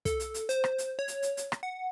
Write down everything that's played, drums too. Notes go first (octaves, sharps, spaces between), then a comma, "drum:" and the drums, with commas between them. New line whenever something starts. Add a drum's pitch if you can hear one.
A4, drum: kick, hi-hat
drum: hi-hat
drum: hi-hat
C5, drum: hi-hat
drum: rim click
drum: hi-hat
C#5
drum: hi-hat
drum: hi-hat
drum: hi-hat
drum: rim click
F#5